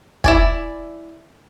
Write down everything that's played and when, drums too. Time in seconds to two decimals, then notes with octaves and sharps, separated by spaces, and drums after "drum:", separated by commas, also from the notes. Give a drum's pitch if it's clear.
0.24 E4 D5 G#5, drum: kick